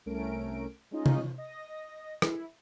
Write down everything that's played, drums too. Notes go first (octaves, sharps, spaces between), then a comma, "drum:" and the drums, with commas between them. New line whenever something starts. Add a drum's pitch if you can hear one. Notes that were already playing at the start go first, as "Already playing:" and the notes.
C2 A3 C#4 A#4 D7
G#3 C#4 D#4 F4 D#5
drum: tom C3
D#5 A#6
E4, drum: rim click